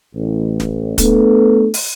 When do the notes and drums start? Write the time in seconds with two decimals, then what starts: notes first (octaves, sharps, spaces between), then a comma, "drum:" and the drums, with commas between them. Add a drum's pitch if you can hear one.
0.14 A1
0.60 drum: snare
0.98 A3 B3 D4 A4, drum: kick, hi-hat
1.74 drum: open hi-hat